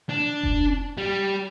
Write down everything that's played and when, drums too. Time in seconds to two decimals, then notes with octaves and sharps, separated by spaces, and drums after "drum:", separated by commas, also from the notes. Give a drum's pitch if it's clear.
0.09 D4
0.43 drum: kick F1
0.97 G3